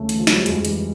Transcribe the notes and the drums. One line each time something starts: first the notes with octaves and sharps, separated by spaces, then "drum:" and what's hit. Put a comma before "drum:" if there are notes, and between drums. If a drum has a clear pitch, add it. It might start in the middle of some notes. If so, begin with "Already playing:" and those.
Already playing: D2 C#3 A3
E3, drum: hi-hat
F3
C#3 F#3, drum: snare
G3
F2 G#3, drum: hi-hat
E3 G3, drum: hi-hat